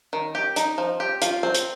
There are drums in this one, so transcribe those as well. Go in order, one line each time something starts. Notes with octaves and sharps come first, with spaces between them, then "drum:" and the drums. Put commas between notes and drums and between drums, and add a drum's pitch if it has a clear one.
D#3
G4
D#4, drum: hi-hat
F3
G4
F4, drum: hi-hat
C4
drum: hi-hat